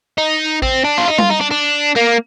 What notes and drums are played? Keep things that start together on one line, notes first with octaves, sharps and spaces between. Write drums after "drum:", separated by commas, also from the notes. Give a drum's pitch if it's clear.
D#4
C4, drum: kick A1
D4
F4
D#4
F4, drum: tom G3
D#4
D4
D4
A#3